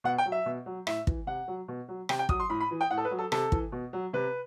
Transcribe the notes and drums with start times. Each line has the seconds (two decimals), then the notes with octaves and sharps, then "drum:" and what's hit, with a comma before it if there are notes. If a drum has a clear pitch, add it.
0.04 B2 F#5
0.18 G5
0.26 F#3
0.32 E5
0.46 B2
0.66 F#3
0.87 A2 E5, drum: rim click
1.07 E3, drum: kick
1.27 C3 F#5
1.48 F#3
1.68 B2
1.88 F#3
2.09 C3 G5, drum: rim click
2.19 G5
2.29 F#3 D#6, drum: kick
2.40 C6
2.50 A2 B5
2.61 B5
2.71 E3
2.81 G5
2.91 A2 F#5
2.98 A4
3.05 B4
3.11 F#3
3.19 A4
3.32 C3 A4, drum: rim click
3.52 E3, drum: kick
3.72 B2
3.93 F#3
4.13 C3 B4